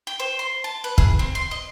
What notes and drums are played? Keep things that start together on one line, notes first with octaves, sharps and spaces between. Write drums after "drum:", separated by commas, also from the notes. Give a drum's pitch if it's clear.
G5
C5
C6
A5
B4
G#4, drum: kick
C4
C6
D#5